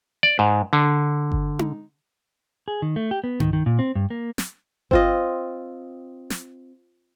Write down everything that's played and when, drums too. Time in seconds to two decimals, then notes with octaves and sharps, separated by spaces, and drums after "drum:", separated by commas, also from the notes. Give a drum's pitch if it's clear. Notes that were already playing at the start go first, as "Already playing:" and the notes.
0.23 D5
0.39 G#2
0.73 D3
1.32 drum: kick G1
1.59 drum: tom D#4
2.68 G#4
2.82 D#3
2.96 A3
3.11 G4
3.24 B3
3.40 D#3, drum: tom G2
3.53 D#3
3.66 A#2
3.79 C4
3.95 G2
4.10 A#3
4.38 drum: snare
4.91 C4 F4 D#5, drum: kick G1
6.30 drum: snare